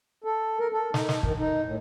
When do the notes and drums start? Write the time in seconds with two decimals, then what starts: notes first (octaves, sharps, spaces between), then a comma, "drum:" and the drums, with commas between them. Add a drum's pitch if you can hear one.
0.24 A4
0.59 A#4
0.72 A4
0.94 D#4, drum: snare
1.09 drum: snare
1.23 D#3, drum: kick
1.38 D#4
1.65 A2